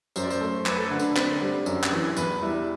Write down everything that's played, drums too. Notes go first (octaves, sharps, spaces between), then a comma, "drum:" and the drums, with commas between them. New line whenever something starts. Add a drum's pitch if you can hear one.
F#2 C5, drum: tambourine
D5
C5, drum: tambourine
A3
F#2 B4, drum: clap
A4
D3 B4
drum: tambourine
C4, drum: clap
G3
F#2, drum: tambourine
drum: clap
E3
E2 B4, drum: tambourine
G3 E4